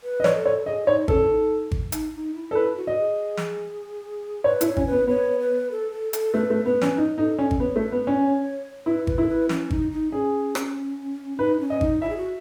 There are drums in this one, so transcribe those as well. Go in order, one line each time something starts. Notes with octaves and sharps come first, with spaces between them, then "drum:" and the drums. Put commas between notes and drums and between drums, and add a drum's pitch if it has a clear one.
B4
D#5
C#5, drum: snare
A4
C#5
G#4 D#5
D#4 C#5
C#4 A4, drum: kick G#1
E4
D#4
drum: kick G#1
D#4, drum: hi-hat
D#4
E4
A4
E4 B4
F#4
D#5
G#4
drum: snare
B4 C#5
E4, drum: hi-hat
C#5
C#4, drum: kick G#1
B4
B3
B3 C#5
B4
A4
A4
A4, drum: hi-hat
A3 B4
A3
B3 B4
C#4, drum: snare
D#4
D#4 A4
C#4 A4
drum: kick G#1
B3 C#5
A3
B4
B3
C#4 B4
C#5
E4 B4
B4, drum: kick G#1
E4 A4
B4
C#4, drum: snare
D#4, drum: kick G#1
D#4
C#4 G#4
drum: rim click
D#4 B4
C#4
D#5
D#4, drum: kick G#1
E4 E5
G#4
F#4